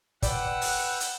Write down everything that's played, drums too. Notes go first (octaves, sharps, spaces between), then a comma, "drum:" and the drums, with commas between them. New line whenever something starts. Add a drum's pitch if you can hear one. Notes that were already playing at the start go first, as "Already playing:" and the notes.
B4 D5 F#5 G5 E6, drum: kick, hi-hat
drum: open hi-hat
drum: hi-hat